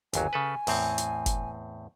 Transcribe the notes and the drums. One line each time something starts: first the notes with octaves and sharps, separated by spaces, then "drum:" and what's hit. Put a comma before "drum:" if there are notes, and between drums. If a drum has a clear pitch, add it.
G1 D#2 F#3 G#5, drum: hi-hat
C#3 A4 B4
E2 A2 C4, drum: open hi-hat
drum: hi-hat
drum: kick F#1, hi-hat